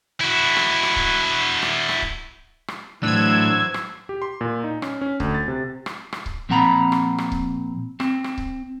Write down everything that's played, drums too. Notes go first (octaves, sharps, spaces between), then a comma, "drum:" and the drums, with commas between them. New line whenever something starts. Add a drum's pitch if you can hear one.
E4 F#4
drum: rim click
drum: rim click
drum: kick C#1
drum: rim click
drum: rim click
drum: kick C#1
drum: rim click
A2 E3 F#3 D4 C5 E6 G#6
drum: rim click
G4
C6
A#2
D#4
C#4, drum: rim click
C#4
D2, drum: kick C#1
A6
C3
drum: rim click
drum: rim click
drum: kick C#1
A#2 F3 C4 F#5 A#5 B5
drum: rim click
drum: rim click
drum: kick C#1
C4, drum: rim click
drum: rim click
drum: kick C#1